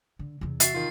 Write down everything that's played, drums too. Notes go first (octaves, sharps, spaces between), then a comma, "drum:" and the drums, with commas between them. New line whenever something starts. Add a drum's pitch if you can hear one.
D3
E2 C3
F#4 E5 A6 C7, drum: hi-hat
D#3 F4